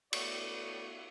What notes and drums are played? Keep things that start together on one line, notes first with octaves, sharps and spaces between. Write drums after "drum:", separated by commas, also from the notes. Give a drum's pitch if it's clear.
A3 B3 F#4 C#5 D5, drum: cymbal